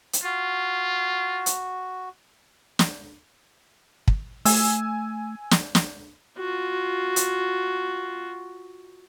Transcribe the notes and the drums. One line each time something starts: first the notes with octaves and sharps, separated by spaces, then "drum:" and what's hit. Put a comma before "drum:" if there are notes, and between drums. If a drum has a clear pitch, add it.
drum: hi-hat
F4 F#4
drum: hi-hat
drum: snare
drum: kick
A3 G#5 E6, drum: open hi-hat
drum: snare
drum: snare
F4 F#4
drum: hi-hat